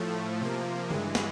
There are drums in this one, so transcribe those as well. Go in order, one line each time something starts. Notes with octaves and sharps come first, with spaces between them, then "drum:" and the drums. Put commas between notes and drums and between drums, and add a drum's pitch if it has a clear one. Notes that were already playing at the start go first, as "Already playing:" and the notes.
Already playing: A2 F3 A3
C3 F3 A#3
G2 E3 G#3, drum: tom C#3
drum: snare